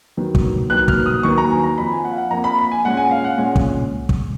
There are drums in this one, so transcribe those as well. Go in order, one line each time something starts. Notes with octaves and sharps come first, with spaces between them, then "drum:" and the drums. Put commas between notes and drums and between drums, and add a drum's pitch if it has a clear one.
D#2 D#3 F#3 B3
drum: kick
D#2 D#3 F#3 B3 F#6
F6, drum: kick
D#6
D#2 D#3 F#3 B3 C#6
A#5
G#5
A#5
F2 F3 A#3 B5
G#5
F#5
F5
F#5
F2 F3 A#3 A#5
B5
B5
G#5
A#2 G#3 C#4 F#5
G#5
F5
F#5
A#2 G#3 C#4 G#5
drum: kick
drum: kick